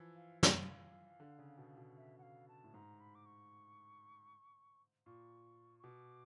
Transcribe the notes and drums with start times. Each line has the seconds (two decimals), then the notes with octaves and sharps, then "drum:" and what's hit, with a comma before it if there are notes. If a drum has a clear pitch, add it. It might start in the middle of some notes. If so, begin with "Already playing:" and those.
Already playing: E3 F3
0.16 F5
0.43 F5, drum: snare
1.20 D3
1.39 C#3
1.58 B2
1.77 B2
1.97 E5
2.18 F#5
2.23 F5
2.48 A5
2.64 A2
2.74 G#2 A#5
3.00 B5
3.15 D6
3.26 C#6
5.06 A#2 C#6
5.79 C#6
5.84 B2 D6